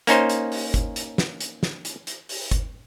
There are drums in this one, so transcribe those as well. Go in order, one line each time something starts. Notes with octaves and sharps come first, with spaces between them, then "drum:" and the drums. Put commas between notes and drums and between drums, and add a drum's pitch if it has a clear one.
A#3 C#4 D#4 C5, drum: hi-hat
drum: hi-hat
drum: open hi-hat
drum: kick G1, hi-hat
drum: hi-hat
drum: snare
drum: hi-hat
drum: snare
drum: hi-hat
drum: hi-hat
drum: open hi-hat
drum: kick G1, hi-hat